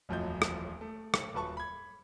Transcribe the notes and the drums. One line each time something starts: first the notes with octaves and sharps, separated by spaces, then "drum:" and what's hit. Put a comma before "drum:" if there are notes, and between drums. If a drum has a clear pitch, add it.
D#1 A1 F2 F#3 D#5 G6
drum: rim click
A3
drum: rim click
D#1 F#3 B4 A5 C#6
B5 G#6